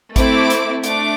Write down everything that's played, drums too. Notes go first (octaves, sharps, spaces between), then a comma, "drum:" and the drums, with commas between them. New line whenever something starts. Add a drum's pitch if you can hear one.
A3 C4 E4 D6, drum: kick G#1, hi-hat
drum: hi-hat
A3 D4 D6, drum: hi-hat